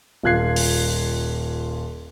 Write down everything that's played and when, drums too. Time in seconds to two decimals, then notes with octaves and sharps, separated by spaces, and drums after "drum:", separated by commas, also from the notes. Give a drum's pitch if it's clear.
0.23 D#1 F4 F#6 G#6 C7
0.56 drum: open hi-hat